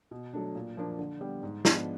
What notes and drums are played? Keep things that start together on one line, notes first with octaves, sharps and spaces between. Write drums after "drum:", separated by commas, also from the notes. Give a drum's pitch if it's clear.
B2
F#3 A3 D4
A#2
F3 A#3 D4
D3
G3 B3
G#2
F3 G#3 B3 D4, drum: snare